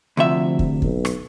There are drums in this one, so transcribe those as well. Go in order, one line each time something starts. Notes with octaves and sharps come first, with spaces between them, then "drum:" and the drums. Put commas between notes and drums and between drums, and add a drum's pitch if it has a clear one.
D2 C3 F3 E5
drum: kick
B1, drum: kick
drum: rim click